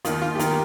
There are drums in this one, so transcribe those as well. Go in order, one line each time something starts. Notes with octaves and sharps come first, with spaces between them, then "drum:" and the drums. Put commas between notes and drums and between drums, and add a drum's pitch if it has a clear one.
D#2 D#3 F4, drum: hi-hat
F4
G4
D#3 A#4, drum: hi-hat